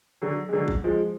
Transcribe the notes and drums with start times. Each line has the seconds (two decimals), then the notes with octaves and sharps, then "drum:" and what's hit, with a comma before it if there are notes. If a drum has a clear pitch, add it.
0.22 D3 F#3
0.49 G#3
0.53 D3 F#3
0.68 drum: kick
0.84 F3 G#3